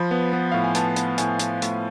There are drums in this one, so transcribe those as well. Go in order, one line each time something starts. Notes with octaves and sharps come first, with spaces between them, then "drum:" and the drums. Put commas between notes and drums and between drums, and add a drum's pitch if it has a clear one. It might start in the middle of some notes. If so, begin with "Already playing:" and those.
Already playing: F3 B5
B3
B3
A2 F5
G#5
B3 A5, drum: hi-hat
B3, drum: hi-hat
A2 G#5, drum: hi-hat
B3, drum: hi-hat
A2, drum: hi-hat